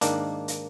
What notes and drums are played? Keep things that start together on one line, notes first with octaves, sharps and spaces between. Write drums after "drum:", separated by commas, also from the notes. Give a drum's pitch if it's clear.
G#2 D#3 A#3 D4, drum: hi-hat
drum: hi-hat